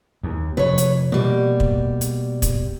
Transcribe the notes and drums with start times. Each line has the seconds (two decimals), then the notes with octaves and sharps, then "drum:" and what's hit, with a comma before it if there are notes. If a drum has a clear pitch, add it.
0.23 D#2
0.57 F1 F2 B4 C#5
0.78 drum: hi-hat
1.12 B2 G3 A#3
1.60 drum: kick
2.01 drum: hi-hat
2.42 drum: kick, hi-hat